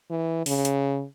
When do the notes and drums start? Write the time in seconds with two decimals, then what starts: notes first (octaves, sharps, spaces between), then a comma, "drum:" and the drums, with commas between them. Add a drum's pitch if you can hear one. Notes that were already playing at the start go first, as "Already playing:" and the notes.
0.10 E3
0.46 C#3, drum: open hi-hat
0.65 drum: hi-hat